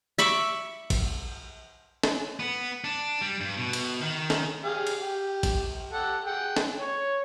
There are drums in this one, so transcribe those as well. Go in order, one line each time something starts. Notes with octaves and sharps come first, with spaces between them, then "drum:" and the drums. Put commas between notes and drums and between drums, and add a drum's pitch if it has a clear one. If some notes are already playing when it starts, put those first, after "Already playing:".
E5 B5 C#6 D6
drum: kick G#1, cymbal
drum: snare
B3
D4
G3
G2
B2
drum: cymbal
D#3
drum: snare
G4 G#4 F5
drum: cymbal
G4
drum: kick G#1, cymbal
G4 A4 F#5
G#4 F#5 G5
drum: snare
C#5